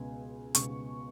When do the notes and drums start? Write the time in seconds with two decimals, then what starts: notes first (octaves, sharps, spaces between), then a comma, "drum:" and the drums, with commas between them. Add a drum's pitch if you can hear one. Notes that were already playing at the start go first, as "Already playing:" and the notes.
Already playing: C#2 B2 B3 G#5
0.55 C#2 B2 B3 C#6, drum: hi-hat